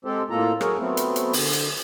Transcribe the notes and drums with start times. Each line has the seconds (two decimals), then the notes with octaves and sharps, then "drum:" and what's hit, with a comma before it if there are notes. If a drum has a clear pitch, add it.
0.05 G#3 C4 G4 A4 C5
0.30 A2 A#3 F4 A4 A#5
0.61 F#3 G#4 A#4 C#5, drum: rim click
0.79 F#3 A3 B3 C4
0.97 drum: hi-hat
1.16 drum: hi-hat
1.33 D3, drum: open hi-hat
1.53 drum: hi-hat